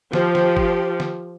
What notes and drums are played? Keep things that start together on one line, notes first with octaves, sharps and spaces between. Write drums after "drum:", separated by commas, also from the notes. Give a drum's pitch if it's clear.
F3 G4, drum: snare
drum: snare
drum: kick G1
drum: snare